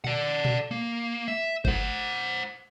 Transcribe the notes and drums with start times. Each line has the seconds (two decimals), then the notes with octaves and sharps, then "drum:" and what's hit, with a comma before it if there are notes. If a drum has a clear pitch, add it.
0.04 D5 F#5, drum: tom A#2
0.45 drum: tom A#2
0.71 A#3
1.28 E5
1.65 C5 F#5, drum: kick G1